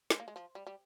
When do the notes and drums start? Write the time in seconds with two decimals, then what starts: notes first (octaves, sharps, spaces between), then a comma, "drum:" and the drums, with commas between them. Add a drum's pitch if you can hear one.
0.10 G#3, drum: snare
0.20 A#3
0.28 G#3
0.36 F3
0.55 G3
0.67 G3